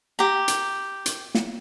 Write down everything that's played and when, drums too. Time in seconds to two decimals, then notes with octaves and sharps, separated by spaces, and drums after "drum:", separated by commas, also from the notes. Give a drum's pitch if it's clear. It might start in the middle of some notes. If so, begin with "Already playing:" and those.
0.19 G4 A#5
0.48 drum: hi-hat
1.06 drum: hi-hat
1.35 drum: snare